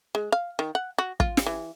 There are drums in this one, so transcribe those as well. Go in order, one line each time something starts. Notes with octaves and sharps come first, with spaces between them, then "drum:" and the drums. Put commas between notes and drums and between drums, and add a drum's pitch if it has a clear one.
G#3
F5
D#3
F#5
F#4
F4, drum: kick
drum: snare
E3